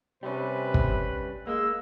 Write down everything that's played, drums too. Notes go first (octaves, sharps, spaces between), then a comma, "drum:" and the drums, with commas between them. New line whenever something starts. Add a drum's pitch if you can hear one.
C3 G3 C#4 B4
drum: kick
G#3 A#3 E6